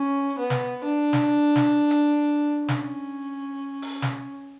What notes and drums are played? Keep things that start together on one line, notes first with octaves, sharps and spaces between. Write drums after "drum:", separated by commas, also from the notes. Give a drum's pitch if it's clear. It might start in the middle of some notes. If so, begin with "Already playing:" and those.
Already playing: C#4
B3
drum: snare
D4
drum: snare
drum: snare
drum: hi-hat
C#4, drum: snare
drum: open hi-hat
drum: snare